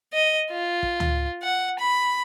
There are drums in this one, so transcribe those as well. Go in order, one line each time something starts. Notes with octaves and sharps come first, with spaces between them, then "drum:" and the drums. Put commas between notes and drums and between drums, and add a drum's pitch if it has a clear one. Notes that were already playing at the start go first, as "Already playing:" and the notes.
D#5
F4
drum: kick
drum: tom C#2
F#5
B5